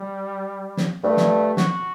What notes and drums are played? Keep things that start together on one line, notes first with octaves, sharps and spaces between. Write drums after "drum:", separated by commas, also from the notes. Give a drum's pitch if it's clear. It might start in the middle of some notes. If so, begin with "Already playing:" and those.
Already playing: G3
drum: snare
G2 A3
drum: snare
F#4, drum: snare